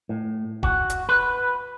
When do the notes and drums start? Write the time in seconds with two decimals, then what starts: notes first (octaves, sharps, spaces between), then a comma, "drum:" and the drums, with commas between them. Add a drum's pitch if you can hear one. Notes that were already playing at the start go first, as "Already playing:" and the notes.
0.09 A2
0.63 F#4, drum: kick D#1
0.90 drum: hi-hat
1.09 B4